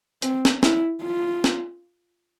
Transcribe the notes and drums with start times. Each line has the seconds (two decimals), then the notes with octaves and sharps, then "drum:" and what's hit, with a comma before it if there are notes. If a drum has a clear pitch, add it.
0.22 C4, drum: hi-hat
0.45 drum: snare
0.63 E4, drum: snare
1.03 F4
1.44 drum: snare